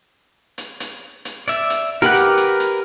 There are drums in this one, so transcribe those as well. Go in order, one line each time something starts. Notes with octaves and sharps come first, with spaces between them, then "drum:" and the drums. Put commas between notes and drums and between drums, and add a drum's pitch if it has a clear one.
drum: hi-hat
drum: hi-hat
drum: hi-hat
D5 E5, drum: hi-hat
drum: hi-hat
G4 A#4 B4 F#5 F#6
drum: hi-hat
drum: hi-hat
drum: hi-hat